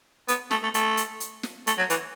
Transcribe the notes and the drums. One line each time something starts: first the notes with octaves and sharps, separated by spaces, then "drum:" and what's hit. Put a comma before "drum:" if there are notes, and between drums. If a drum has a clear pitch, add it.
B3, drum: hi-hat
A3, drum: snare
A3
A3, drum: hi-hat
drum: hi-hat
drum: hi-hat
drum: snare
A3, drum: hi-hat
F#3
E3, drum: hi-hat